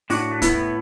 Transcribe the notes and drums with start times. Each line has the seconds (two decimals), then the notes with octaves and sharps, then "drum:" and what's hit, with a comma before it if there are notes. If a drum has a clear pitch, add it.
0.10 A2 D4 F#4, drum: open hi-hat
0.31 A3
0.42 B3 E4, drum: kick, hi-hat
0.53 A2